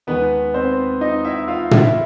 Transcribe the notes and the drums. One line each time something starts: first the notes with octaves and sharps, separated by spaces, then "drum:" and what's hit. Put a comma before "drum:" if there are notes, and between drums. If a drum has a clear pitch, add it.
D#2 D#3 G#3 B3 B4
C4 C5
D#4 D#5
E4 E5
F4 F5
E4 E5, drum: tom